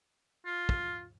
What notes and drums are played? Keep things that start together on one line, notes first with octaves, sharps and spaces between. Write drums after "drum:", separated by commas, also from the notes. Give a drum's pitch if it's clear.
F4
drum: kick